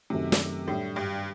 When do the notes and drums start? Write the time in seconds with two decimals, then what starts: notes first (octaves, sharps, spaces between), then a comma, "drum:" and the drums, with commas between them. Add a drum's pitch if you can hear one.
0.10 F#2 C3 D#3 F#3 A3 C4
0.32 drum: snare
0.67 A2 G3 D4 G4
0.96 G2